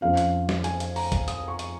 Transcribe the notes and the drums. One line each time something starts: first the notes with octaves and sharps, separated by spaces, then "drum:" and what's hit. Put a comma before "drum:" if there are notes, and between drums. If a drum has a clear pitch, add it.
F2 F3 C#4 F5
drum: hi-hat
drum: snare
G#5, drum: hi-hat
drum: hi-hat
A#5, drum: open hi-hat
drum: kick C2, hi-hat
D#6, drum: hi-hat
C#6
drum: hi-hat